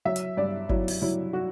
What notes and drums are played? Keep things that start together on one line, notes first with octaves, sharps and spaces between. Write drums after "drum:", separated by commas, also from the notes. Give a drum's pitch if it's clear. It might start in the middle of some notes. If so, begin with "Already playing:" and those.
F#3 E5
drum: hi-hat
G2 D5
F#3 E4, drum: kick G1
drum: open hi-hat
F#3 E4
F#4